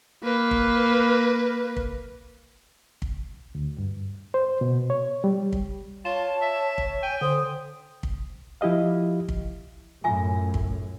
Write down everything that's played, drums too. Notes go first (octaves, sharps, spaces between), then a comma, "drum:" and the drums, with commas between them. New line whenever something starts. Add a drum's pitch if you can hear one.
A#3 B4
drum: kick
drum: kick
drum: kick
D2
G2
C5
B2
C#5
G3
drum: kick
F4 C#5 A5
E5
drum: kick
G5 G#5
D3 C5 D#6
drum: kick
F3 E4 G4 D#5 F5
drum: kick
F#2 A2 F4 E5 G#5
drum: kick